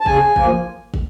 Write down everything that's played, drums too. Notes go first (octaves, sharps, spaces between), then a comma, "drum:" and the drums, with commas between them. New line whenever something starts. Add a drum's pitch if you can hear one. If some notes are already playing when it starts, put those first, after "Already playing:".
A5
C#3 G#5, drum: kick
F3 A#3, drum: kick
drum: kick